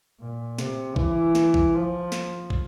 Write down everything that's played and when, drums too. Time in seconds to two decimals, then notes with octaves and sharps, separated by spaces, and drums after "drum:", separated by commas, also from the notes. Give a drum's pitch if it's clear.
0.20 A#2
0.59 C3, drum: snare
0.96 E3, drum: kick
1.35 drum: snare
1.54 drum: kick
1.74 F3
2.12 drum: snare
2.50 drum: kick